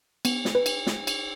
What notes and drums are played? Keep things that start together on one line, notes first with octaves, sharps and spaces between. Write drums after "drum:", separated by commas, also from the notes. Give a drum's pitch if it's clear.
B3, drum: cymbal
drum: snare
B4
drum: cymbal
drum: snare
drum: cymbal